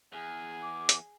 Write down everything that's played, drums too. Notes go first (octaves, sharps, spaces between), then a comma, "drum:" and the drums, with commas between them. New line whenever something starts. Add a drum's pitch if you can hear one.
E2 G#4
D6
drum: hi-hat